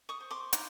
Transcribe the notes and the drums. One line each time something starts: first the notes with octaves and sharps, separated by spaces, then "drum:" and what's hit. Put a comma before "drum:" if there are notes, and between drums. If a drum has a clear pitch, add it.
C#6 D#6
C5
C6 D6
D#4, drum: hi-hat